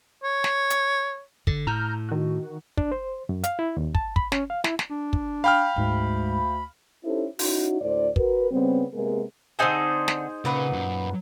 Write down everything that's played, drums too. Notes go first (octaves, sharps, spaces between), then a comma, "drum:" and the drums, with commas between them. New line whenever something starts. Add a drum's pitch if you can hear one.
C#5
drum: snare
drum: hi-hat
D3, drum: kick
A2 A#5 F6 G6
D#3 F#4
D4, drum: kick
C5
F#2
F5, drum: hi-hat
E4
D#2
A5, drum: kick
B5, drum: kick
C#4, drum: snare
F5
E4, drum: snare
drum: snare
D4
drum: kick
F5 G5 B5 F6
D2 G#2 G#3
C#4 D#4 E4 G4 A4 C5
C#4 D#4 E4 F#4, drum: open hi-hat
D2 A2 C5 D5
F#4 A#4 B4, drum: kick
C#3 G3 B3 C4
C3 G#3 A#3 B3 G#4 A#4
D3 C4 D#4 G#4 C5 A5
drum: snare
A#2 C#3 B4 F#5
F#2